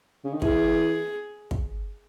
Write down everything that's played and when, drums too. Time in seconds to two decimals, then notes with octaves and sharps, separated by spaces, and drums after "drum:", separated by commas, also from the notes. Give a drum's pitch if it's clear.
0.24 C#3
0.33 D#3
0.42 E3 G#4, drum: kick
1.51 drum: kick